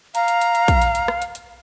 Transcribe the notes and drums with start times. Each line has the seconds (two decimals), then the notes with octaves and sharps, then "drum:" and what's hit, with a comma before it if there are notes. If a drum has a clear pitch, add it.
0.15 F5 A#5, drum: hi-hat
0.28 drum: hi-hat
0.41 drum: hi-hat
0.55 drum: hi-hat
0.68 drum: kick A#1, hi-hat
0.82 drum: hi-hat
0.95 drum: hi-hat
1.08 drum: rim click
1.22 drum: hi-hat
1.35 drum: hi-hat